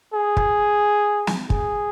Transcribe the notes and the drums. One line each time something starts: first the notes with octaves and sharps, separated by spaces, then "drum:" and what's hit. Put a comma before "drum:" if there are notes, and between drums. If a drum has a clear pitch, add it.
G#4
drum: kick
drum: snare
G#4, drum: kick